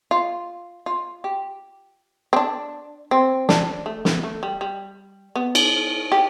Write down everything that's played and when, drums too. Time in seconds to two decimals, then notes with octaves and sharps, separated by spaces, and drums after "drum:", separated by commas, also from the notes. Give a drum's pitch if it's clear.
0.11 F4
0.86 F4
1.24 G4
2.33 C4
2.36 D4
3.11 C4
3.49 D4, drum: snare
3.86 A3
4.05 B3, drum: snare
4.23 A3
4.43 G3
4.61 G3
5.36 B3
5.55 drum: cymbal
6.12 G4